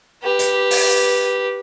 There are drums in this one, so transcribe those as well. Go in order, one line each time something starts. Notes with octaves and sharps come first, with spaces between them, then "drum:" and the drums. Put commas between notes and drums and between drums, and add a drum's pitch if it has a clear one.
G4 B4
drum: hi-hat
drum: open hi-hat